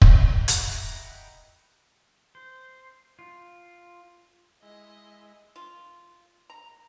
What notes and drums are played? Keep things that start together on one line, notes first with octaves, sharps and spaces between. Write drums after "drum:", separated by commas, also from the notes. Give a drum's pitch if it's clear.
D#5 E5 F#5 G5 A#5 B5, drum: kick
drum: hi-hat
C5
F4
G#3 E4 D#5
F4
A#5